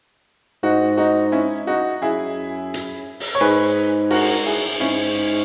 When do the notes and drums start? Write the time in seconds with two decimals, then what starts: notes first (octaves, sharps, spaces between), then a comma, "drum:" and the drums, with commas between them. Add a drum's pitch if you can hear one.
0.63 G#2 D#4 F#4
0.97 D#4 F#4
1.32 C#4 E4
1.67 D#4 F#4
2.02 F#2 E4 G#4
2.74 drum: hi-hat
3.20 drum: open hi-hat
3.35 C#5
3.40 G#2 G#4 B4
4.11 F#4 A#4, drum: cymbal
4.46 E4 G#4
4.80 G#2 C#4 E4